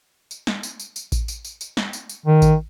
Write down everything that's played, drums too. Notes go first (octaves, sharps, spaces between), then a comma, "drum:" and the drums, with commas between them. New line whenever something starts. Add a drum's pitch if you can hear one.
drum: tambourine
drum: snare
drum: tambourine
drum: tambourine
drum: tambourine
drum: kick A1, tambourine
drum: tambourine
drum: tambourine
drum: tambourine
drum: snare
drum: tambourine
drum: tambourine
D#3
drum: kick A1, tambourine